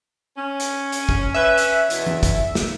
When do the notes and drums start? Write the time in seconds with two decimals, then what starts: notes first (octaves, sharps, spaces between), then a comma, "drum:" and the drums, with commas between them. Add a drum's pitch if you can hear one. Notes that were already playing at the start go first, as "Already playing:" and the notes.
0.37 C#4
0.60 drum: hi-hat
0.92 drum: hi-hat
1.09 drum: kick
1.34 C#4 B4 E5
1.58 drum: hi-hat
1.90 E2 B2 E3, drum: hi-hat
2.06 drum: tom E3
2.23 drum: kick, hi-hat
2.55 drum: snare